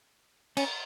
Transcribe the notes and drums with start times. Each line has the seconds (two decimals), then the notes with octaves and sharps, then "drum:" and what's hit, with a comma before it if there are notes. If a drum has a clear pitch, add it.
0.57 C#4, drum: cymbal